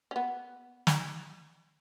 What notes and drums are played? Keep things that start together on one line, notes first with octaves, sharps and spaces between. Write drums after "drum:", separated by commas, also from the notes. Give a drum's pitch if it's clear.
C#4
B3
drum: snare